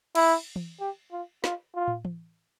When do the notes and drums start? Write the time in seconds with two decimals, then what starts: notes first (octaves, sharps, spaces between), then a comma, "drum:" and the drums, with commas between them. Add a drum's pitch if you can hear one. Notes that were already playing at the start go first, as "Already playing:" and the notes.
0.15 E4, drum: cymbal
0.56 drum: tom E3
0.80 G4
1.12 F4
1.44 F4, drum: snare
1.75 F4
1.88 drum: tom
2.05 drum: tom E3